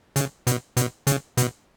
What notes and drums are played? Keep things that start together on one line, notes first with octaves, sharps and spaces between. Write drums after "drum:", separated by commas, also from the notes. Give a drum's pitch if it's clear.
C#3, drum: hi-hat
B2, drum: hi-hat
B2, drum: hi-hat
C#3, drum: hi-hat
B2, drum: hi-hat